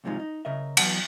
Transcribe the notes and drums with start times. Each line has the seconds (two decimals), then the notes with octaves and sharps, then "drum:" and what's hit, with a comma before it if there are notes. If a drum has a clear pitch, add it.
0.04 D#2 G#2 C3 F3 G#3 D#4
0.19 D#4
0.45 C#3 A#4 D#5 E5
0.77 E3 F#3 B3 F#5 A5, drum: cymbal